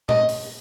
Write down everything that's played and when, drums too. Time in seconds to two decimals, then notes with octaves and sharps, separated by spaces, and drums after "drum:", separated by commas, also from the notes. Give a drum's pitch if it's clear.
0.09 D#5, drum: tom A#2
0.29 drum: open hi-hat